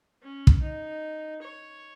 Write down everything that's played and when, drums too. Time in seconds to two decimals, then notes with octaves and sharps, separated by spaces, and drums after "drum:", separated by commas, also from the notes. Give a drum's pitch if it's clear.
0.22 C#4
0.47 drum: kick
0.62 D#4
1.42 C#5